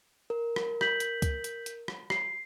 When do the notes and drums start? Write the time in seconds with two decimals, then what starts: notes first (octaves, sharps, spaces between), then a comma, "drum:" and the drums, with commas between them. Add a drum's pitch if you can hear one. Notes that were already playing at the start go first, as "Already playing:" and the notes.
0.30 A#4
0.56 drum: rim click
0.81 G6 B6 F#7, drum: rim click
1.00 drum: hi-hat
1.22 drum: kick C#2, hi-hat
1.44 drum: hi-hat
1.66 drum: hi-hat
1.88 drum: rim click
2.10 C7, drum: rim click